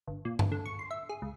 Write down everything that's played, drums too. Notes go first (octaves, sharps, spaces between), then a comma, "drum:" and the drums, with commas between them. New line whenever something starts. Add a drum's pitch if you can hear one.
G1
A#2
G1, drum: tom G2
D3
C#6
C6
E5
G#4
C#2